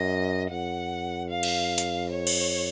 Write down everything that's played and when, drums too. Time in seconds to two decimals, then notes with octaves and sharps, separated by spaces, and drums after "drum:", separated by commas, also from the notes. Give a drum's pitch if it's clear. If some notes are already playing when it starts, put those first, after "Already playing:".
Already playing: F#2 D#5
0.51 F2 F#5
1.30 F5
1.43 drum: cymbal
1.78 drum: hi-hat
2.10 C#5
2.27 drum: cymbal